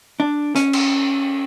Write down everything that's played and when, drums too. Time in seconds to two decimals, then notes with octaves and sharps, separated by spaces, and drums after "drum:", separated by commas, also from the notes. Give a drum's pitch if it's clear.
0.20 D4
0.55 C#4, drum: hi-hat
0.73 drum: cymbal